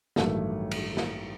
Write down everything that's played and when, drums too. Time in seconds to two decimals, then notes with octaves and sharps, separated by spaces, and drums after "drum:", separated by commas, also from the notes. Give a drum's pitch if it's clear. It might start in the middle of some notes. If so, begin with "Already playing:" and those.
0.16 A1 G2 D#3 F#3 A3, drum: snare
0.71 drum: cymbal
0.97 drum: snare